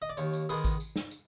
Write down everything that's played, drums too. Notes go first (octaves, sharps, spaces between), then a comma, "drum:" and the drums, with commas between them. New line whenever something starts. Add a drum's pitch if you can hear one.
D#5
D5
D#2 C#5, drum: tambourine
drum: tambourine
D#3 G#3 B3 G#4, drum: tambourine
drum: kick A1, tambourine
drum: tambourine
drum: snare
drum: tambourine